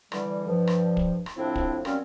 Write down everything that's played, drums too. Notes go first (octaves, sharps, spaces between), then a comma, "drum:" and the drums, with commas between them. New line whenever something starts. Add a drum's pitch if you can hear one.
D3 E3 G3, drum: rim click
G2 F3
drum: rim click
drum: kick
drum: rim click
A2 C3 F3 C4 D4 E4
drum: kick
F#3 G3 A#3 C4 C#4, drum: rim click